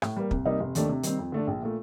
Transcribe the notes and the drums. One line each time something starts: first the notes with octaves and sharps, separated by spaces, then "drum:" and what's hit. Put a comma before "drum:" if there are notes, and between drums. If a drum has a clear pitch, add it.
A2, drum: rim click
G3 A#3
C2, drum: kick
C3 G3 A#3 D#4
F1
D#2 D#3 A3 D4, drum: hi-hat
C3
D#3 G3 C4, drum: hi-hat
F2
D3 A3 D4
A#1
A#2 A3